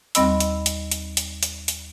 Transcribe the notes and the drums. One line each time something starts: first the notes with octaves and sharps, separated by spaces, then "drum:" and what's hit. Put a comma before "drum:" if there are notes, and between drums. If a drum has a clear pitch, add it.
D#2 G3 C4 D#5 B5 E6, drum: hi-hat
drum: hi-hat
drum: hi-hat
drum: hi-hat
drum: hi-hat
drum: hi-hat
drum: hi-hat